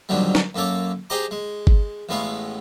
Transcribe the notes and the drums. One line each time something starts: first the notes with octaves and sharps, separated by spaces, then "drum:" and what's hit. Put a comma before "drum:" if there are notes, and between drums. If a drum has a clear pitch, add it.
F2 A#2 D3 D#3 F#3 G3
drum: snare
F#2 A#3 A4 C#5 D6
G4 G#4 C5 D#5 A#5 D6
G#3
drum: kick G1
A1 A2 G#3 B3 F5 C#6